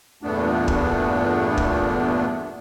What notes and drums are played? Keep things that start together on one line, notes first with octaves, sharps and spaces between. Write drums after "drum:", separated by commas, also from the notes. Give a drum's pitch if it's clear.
E2 G2 A#2 A3 B3 D4
drum: kick
drum: kick